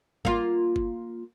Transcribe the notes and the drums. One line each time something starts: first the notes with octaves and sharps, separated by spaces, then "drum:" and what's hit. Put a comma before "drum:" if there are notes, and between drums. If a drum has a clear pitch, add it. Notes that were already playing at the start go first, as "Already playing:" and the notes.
A#3 F4, drum: kick G1
drum: kick G1